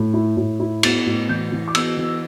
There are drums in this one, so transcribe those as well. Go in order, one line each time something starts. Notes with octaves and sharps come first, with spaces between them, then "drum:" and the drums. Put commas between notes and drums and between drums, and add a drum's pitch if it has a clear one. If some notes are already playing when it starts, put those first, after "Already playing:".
Already playing: A2
E4
A2
E4
B3 A6, drum: cymbal
A2
E3 G6
E3
D6
B3 E6, drum: cymbal
E3